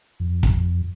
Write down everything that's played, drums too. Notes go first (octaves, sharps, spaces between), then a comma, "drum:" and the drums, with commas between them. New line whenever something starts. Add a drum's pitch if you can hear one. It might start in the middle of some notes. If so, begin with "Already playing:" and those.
F2
drum: kick